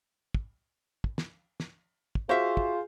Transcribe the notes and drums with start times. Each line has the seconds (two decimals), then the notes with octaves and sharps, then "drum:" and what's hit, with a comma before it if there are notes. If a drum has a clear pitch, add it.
0.35 drum: kick
1.04 drum: kick
1.18 drum: snare
1.60 drum: snare
2.15 drum: kick
2.29 F4 F#4 G#4 C5 E5 F5
2.57 drum: kick